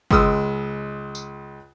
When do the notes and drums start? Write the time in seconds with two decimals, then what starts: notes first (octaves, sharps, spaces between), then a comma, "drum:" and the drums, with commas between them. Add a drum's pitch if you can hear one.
0.11 C#2 G#3 D#6 E6, drum: kick
1.15 drum: tambourine